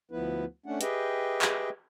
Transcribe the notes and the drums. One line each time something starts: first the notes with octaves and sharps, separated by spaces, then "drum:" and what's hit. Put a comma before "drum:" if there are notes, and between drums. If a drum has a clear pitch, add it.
D2 F3 B3 E4 B4
A3 C#4 D4 F#5
G4 G#4 B4 D#5 E5 G5, drum: hi-hat
drum: clap